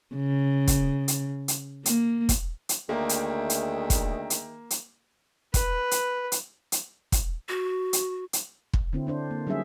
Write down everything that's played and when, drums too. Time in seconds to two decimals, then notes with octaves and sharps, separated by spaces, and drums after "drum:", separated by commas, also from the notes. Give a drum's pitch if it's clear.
0.15 C#3
0.67 drum: kick, hi-hat
1.08 drum: hi-hat
1.48 drum: hi-hat
1.86 A#3, drum: hi-hat
2.29 drum: kick, hi-hat
2.69 drum: hi-hat
2.89 D2 D#3 A#3 G#4 E5 G5
3.09 drum: hi-hat
3.50 drum: hi-hat
3.90 drum: kick, hi-hat
4.30 drum: hi-hat
4.70 drum: hi-hat
5.54 B4, drum: kick, hi-hat
5.91 drum: hi-hat
6.32 drum: hi-hat
6.72 drum: hi-hat
7.12 drum: kick, hi-hat
7.49 F#4
7.93 drum: hi-hat
8.33 drum: hi-hat
8.73 drum: kick
8.93 D3 C4 E4
9.07 C4 D4 C5
9.31 A#3
9.47 F#3 G3 C#4 D#4 G#4 E5